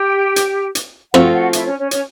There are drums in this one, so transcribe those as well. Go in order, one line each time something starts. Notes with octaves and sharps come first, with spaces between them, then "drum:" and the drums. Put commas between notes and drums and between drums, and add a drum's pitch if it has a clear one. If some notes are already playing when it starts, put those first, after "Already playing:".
Already playing: G4 G5
drum: hi-hat
drum: hi-hat
F3 A3 C4 F4 F#4 F#5, drum: rim click
F#4 F#5
E4 E5, drum: hi-hat
C#4 C#5
C#4 C#5
C#4 C#5, drum: hi-hat